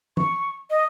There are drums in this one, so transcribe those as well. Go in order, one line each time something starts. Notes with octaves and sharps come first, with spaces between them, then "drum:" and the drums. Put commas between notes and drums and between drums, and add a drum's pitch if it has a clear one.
C#6, drum: tom
D#5